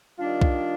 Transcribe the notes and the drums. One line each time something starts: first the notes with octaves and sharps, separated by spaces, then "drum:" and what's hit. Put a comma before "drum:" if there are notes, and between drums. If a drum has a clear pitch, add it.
D#3 G3 D4 F4
drum: kick B1